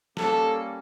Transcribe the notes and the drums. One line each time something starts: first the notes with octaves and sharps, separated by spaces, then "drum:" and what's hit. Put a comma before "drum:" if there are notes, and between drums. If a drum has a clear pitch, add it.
G3 A#3 C#4 A4, drum: snare